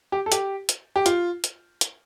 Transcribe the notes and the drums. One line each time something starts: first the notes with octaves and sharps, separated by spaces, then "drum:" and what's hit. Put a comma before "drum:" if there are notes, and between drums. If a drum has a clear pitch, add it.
G4
A4
G4, drum: hi-hat
drum: hi-hat
G4
F4, drum: hi-hat
drum: hi-hat
drum: hi-hat